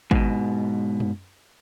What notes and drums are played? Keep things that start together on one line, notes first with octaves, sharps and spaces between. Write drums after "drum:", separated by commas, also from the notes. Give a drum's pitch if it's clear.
G#2 B2, drum: kick G#1
drum: tom F#2